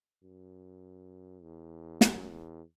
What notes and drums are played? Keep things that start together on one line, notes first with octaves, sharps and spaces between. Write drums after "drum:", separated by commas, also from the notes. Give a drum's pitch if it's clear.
F#2
E2
F#2, drum: snare
E2